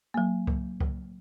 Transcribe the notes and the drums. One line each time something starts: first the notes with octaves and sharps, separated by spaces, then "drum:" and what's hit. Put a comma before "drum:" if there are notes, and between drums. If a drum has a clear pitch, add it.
F#3 A#3
drum: kick C2
drum: kick C2